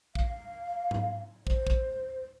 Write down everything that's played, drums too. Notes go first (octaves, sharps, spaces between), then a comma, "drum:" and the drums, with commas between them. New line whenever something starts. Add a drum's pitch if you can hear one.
F5, drum: kick
drum: tom G#2
C5, drum: kick
drum: kick